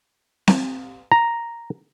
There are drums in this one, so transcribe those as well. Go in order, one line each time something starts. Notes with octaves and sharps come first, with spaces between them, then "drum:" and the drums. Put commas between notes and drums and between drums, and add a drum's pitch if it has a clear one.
drum: snare C4
A#5